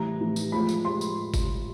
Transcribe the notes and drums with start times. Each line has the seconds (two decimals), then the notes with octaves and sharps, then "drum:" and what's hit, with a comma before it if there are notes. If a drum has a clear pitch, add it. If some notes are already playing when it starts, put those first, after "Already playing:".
Already playing: A2 E3 G3 A#5
0.20 A2 E3 G3
0.36 drum: tambourine
0.52 A2 F3 G#3 B5
0.69 drum: tambourine
0.85 A2 F3 G#3 C6
1.01 drum: tambourine
1.34 drum: kick G1, tambourine